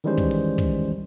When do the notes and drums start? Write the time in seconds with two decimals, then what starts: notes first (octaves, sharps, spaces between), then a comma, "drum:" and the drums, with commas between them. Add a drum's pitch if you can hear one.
0.04 D#3 E3 G3 G#3 C#4 C5, drum: hi-hat
0.17 drum: kick, hi-hat
0.31 drum: open hi-hat
0.58 drum: kick, hi-hat
0.72 drum: hi-hat
0.85 drum: hi-hat